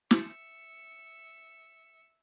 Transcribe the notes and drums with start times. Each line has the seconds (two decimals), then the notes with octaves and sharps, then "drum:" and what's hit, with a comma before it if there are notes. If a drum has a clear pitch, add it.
0.11 E5 C#7, drum: snare